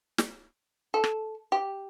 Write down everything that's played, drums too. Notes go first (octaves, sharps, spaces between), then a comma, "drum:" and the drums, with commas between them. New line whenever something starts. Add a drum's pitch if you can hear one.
drum: snare
A4
drum: rim click
G4